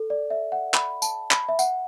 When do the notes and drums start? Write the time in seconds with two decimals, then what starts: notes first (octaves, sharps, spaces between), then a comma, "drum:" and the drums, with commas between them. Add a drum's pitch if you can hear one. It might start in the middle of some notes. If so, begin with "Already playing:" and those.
Already playing: A4
0.10 D5
0.30 E5
0.52 F#5
0.74 B5, drum: clap
1.02 A5, drum: tambourine
1.31 B5, drum: clap
1.49 E5
1.59 F#5, drum: tambourine